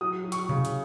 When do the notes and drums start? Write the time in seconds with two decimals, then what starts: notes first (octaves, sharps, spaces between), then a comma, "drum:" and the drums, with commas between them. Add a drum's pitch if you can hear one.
0.01 F#3 D#6
0.24 F#3
0.32 C#6, drum: hi-hat
0.49 C#3, drum: tom B2
0.65 drum: hi-hat